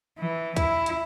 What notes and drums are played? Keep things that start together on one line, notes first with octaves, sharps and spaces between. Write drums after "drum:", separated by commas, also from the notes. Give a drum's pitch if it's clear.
E3
E4, drum: kick, hi-hat
drum: hi-hat